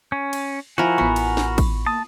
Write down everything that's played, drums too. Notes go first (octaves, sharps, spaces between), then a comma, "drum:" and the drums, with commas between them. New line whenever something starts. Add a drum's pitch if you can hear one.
C#4
drum: cymbal
F3 E4 F#4 A#4 G#5
A1 B3 B5 C#6
drum: cymbal
drum: snare
drum: kick, cymbal
A#3 A5 D#6